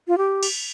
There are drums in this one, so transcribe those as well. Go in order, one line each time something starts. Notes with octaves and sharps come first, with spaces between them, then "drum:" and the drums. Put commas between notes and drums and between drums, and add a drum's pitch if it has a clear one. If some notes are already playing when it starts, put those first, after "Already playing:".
F4
G4
drum: cymbal